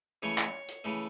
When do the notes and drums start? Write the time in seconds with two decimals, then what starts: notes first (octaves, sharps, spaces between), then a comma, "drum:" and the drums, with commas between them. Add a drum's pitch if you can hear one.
0.22 C#3 E3 A3 C#5
0.38 drum: clap
0.68 drum: hi-hat
0.84 C#3 E3 A3